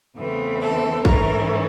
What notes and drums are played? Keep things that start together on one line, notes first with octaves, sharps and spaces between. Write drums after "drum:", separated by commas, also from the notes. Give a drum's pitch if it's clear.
E2 C#3 E3 A3 C4
A4
G#2 E3 A3 C#4 A#4, drum: kick